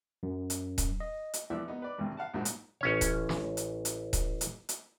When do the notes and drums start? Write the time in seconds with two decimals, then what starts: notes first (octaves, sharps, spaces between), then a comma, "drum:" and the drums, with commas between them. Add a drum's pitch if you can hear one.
0.23 F#2
0.50 drum: hi-hat
0.78 drum: kick D#1, hi-hat
1.00 D#5
1.34 drum: hi-hat
1.50 E2 E3 F3 D5 E5
1.68 B3 D#4
1.82 B4 D5
1.98 G#1 G2 C3
2.17 F5 F#5 A5
2.34 A#1 G#2 F3 F#3 F#4
2.45 drum: hi-hat
2.81 A1 C#4 C#5
3.01 drum: kick D#1, hi-hat
3.29 drum: snare
3.57 drum: hi-hat
3.85 drum: hi-hat
4.13 drum: kick D#1, hi-hat
4.41 drum: hi-hat
4.69 drum: hi-hat